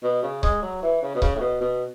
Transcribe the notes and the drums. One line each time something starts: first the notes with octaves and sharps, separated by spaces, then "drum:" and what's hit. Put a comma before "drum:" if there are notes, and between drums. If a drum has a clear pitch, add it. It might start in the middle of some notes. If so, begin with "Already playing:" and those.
B2
C#3
G#3, drum: kick C#1
F#3
E3
C#3
B2
C#3, drum: kick C#1
A2
B2
B2